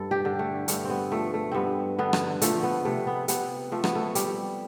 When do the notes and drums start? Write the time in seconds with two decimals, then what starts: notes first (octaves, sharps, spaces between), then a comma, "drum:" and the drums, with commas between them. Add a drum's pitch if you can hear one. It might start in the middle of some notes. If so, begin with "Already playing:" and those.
Already playing: G2 A4
0.11 G4
0.25 D3
0.39 A3
0.68 G2 A3, drum: hi-hat
0.84 C4
0.90 B3
1.12 F3 A3
1.34 A3
1.52 G2 B3 C4
1.99 D3 B3
2.13 drum: rim click
2.42 F3 A3, drum: hi-hat
2.63 B3
2.85 C3 A3
3.07 B3
3.28 C3 B3, drum: hi-hat
3.72 F3 A3
3.84 B3, drum: rim click
3.95 A3
4.15 G3, drum: hi-hat